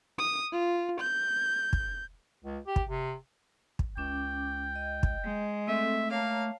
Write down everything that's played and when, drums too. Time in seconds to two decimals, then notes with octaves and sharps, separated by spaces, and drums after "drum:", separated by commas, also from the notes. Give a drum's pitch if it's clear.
0.18 D#6
0.52 F4
1.00 G6
1.73 drum: kick
2.44 C#2
2.67 G4
2.76 drum: kick
2.88 C3
3.79 drum: kick
3.97 C#2 C#4 G5 D6
4.76 D#5
5.03 drum: kick
5.24 G#3
5.68 A3 C4 A4 E5
6.11 A#3 C#5 F5 A5 A#5